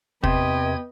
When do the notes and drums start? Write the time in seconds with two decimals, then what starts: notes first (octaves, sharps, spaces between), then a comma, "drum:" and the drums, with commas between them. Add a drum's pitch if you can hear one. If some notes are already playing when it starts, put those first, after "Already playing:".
0.24 E2 C3 B4 D#5 G5 G#6, drum: kick